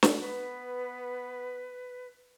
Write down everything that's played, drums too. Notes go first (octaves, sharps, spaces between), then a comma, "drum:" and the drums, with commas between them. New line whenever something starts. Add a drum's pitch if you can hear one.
drum: snare
B3 B4